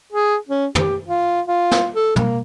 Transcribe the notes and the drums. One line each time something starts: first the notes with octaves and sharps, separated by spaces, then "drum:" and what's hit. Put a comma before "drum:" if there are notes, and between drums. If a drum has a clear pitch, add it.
G#4
C#4
G4, drum: tom
F4
F4
drum: snare
A4
A#3, drum: tom